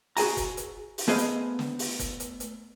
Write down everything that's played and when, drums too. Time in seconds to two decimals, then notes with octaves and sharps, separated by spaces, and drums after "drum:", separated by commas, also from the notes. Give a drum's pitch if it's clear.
0.17 F#4 G#4 G#5 A#5, drum: open hi-hat
0.37 drum: kick F#1, hi-hat
0.57 drum: hi-hat
0.98 drum: open hi-hat
1.08 A3 B3 G#4 C5 D#5 F5
1.18 drum: hi-hat
1.59 drum: snare
1.79 drum: open hi-hat
1.99 drum: kick F#1, hi-hat
2.20 drum: hi-hat
2.40 drum: hi-hat